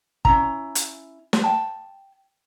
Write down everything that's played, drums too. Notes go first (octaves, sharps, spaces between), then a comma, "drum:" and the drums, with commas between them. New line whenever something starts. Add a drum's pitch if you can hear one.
C#4 E4 A#5, drum: kick
drum: hi-hat
drum: snare
G5 A5